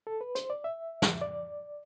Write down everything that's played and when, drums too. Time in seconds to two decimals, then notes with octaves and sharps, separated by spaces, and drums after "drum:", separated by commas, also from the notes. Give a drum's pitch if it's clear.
0.07 A4
0.21 B4
0.35 C5, drum: hi-hat
0.50 D5
0.64 E5
1.02 drum: snare
1.22 D5